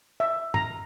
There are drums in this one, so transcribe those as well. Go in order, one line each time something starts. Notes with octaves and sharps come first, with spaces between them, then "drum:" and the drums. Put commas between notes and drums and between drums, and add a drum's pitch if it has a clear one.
E5
A#5, drum: tom G2